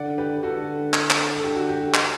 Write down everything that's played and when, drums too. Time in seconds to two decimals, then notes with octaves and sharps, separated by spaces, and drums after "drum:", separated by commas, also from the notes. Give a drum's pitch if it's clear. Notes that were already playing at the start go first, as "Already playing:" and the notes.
Already playing: D3 D5 F#5
0.18 G4 B4
0.43 D3 F#4 A4
0.94 drum: clap
1.10 drum: clap
1.36 A4
1.43 D3 G4
1.56 F#4
1.69 G4
1.82 G4
1.94 drum: clap